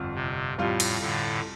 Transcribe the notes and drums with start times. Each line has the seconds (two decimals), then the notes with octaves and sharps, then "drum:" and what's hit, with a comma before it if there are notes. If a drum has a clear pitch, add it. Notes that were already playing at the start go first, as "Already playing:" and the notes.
Already playing: G1 F2 F3
0.14 C3
0.58 F2 A2 C3 G3 F4
0.80 drum: cymbal
1.01 A2 D3